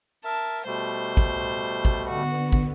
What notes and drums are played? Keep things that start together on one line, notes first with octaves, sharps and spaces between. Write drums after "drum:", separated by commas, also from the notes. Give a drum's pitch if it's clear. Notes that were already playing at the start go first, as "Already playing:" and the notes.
A#4 E5 A5
B2 G3 A3 C5
drum: kick
drum: kick
D3 B3 F#4
drum: kick